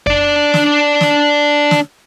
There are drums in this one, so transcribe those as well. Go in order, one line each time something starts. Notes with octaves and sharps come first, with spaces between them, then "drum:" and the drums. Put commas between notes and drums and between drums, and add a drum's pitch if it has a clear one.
D4 D5, drum: kick F2
drum: snare
drum: snare
drum: snare